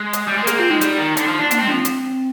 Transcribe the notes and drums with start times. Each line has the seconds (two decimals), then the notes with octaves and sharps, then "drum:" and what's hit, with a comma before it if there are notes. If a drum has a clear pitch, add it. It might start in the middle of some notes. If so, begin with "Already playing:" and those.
Already playing: G#3
0.13 drum: hi-hat
0.28 G3
0.38 G#3
0.43 A#4
0.47 A#3 G#4, drum: hi-hat
0.58 C4 F4
0.70 G#3 D#4
0.81 G3, drum: hi-hat
0.99 D#3
1.17 D3, drum: hi-hat
1.28 F3
1.39 D4
1.51 A#3 D4, drum: hi-hat
1.60 C4
1.62 G#3
1.67 F3 D4
1.73 C4
1.85 drum: hi-hat